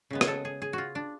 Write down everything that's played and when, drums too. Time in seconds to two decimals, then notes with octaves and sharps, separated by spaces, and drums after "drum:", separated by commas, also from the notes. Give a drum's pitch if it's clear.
0.11 C#3 G#3 B3
0.21 G#4, drum: rim click
0.27 A4
0.45 G#4
0.62 G#4
0.73 F4 F#4
0.95 D4